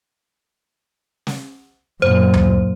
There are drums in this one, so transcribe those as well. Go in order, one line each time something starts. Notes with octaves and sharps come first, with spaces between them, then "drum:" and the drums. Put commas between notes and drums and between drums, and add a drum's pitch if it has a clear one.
drum: snare
F#2 A#2 C5
drum: tom D2